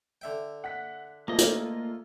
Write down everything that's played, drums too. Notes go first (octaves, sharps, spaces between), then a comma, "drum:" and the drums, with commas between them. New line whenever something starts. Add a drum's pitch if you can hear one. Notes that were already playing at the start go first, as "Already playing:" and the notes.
D3 E5 G5
F#5 F#6 B6
D2 A#3 F4 A4 D#5
drum: hi-hat